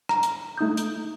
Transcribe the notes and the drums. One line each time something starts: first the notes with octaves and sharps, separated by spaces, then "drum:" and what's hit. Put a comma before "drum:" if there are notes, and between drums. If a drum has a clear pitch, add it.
A#5, drum: rim click
drum: hi-hat
A3 D#4 D#6 G6
drum: hi-hat